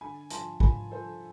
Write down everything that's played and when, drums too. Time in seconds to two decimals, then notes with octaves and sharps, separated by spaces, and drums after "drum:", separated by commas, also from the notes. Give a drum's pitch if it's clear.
0.01 D3 G#5 B5
0.30 F3 A5 C6, drum: hi-hat
0.60 F3 G#5 B5, drum: kick
0.91 F3 A4 C5